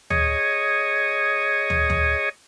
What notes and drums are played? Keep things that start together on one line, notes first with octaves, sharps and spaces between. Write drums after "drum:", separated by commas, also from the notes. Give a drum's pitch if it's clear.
G#4 C#5 D#5, drum: tom
drum: tom
drum: tom